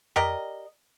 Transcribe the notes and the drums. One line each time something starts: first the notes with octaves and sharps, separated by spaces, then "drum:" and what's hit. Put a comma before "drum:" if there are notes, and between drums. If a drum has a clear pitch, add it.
G4 A#4 D5 D#5, drum: tom F2